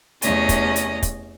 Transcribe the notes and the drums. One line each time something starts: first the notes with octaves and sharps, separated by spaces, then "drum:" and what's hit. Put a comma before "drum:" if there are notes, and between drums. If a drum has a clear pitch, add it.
E2 C3 A3 C#4 D#5, drum: hi-hat
drum: kick, hi-hat
drum: hi-hat
drum: kick, hi-hat